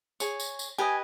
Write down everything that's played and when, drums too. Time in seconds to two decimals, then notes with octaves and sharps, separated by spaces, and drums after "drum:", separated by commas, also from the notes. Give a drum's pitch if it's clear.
0.20 G#4 C#5, drum: tambourine
0.40 drum: tambourine
0.59 drum: tambourine
0.78 G4 B4 D#5 G#5